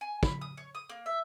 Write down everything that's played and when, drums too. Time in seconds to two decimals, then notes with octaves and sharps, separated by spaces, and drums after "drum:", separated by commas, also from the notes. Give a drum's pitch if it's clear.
0.01 G#5
0.23 B5, drum: kick
0.41 D#6
0.57 C#5
0.75 D#6
0.89 A#3
1.06 E5